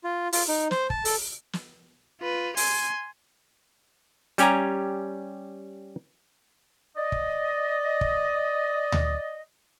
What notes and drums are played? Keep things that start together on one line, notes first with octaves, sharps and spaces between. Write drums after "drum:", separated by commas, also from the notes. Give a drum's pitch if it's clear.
F4
F4, drum: open hi-hat
D#4
C5, drum: snare
A5, drum: kick
A4, drum: open hi-hat
drum: snare
F4 B4
G#5 C6, drum: open hi-hat
G3 C#4 G4 G#5 A#5, drum: hi-hat
D5 D#5
drum: kick
drum: kick
drum: tom D2